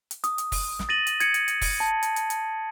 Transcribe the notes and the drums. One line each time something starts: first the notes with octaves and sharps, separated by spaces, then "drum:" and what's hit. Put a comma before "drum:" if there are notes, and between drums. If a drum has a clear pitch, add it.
drum: hi-hat
D#6, drum: hi-hat
drum: hi-hat
drum: kick, open hi-hat
drum: snare
A6 A#6 D#7 F#7
drum: hi-hat
G#6 C#7, drum: hi-hat
drum: hi-hat
drum: hi-hat
drum: kick, open hi-hat
A5
drum: hi-hat
drum: hi-hat
drum: hi-hat